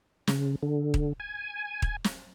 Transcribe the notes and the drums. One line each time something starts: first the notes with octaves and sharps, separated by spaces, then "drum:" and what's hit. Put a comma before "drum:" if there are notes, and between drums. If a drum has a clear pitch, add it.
C#3, drum: snare
D3
drum: kick D#1
G#5
drum: kick D#1
drum: snare